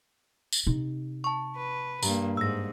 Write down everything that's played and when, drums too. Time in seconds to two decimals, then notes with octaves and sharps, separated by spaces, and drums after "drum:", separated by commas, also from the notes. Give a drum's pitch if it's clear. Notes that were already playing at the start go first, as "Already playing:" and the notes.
0.52 drum: tambourine
0.67 C3 D#4
1.24 A5 C#6
1.56 B4
2.03 G2 A#3 A#5, drum: tambourine
2.37 G#2 E6 A#6